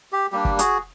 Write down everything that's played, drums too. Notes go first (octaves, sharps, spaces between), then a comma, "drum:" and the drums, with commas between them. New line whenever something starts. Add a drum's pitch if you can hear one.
G4
G3 A#3 D4 G4
drum: kick
F#4 G#4, drum: hi-hat